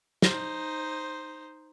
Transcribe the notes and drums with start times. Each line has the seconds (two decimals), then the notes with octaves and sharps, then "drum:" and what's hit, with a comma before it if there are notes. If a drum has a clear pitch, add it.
0.22 D#4 C5, drum: snare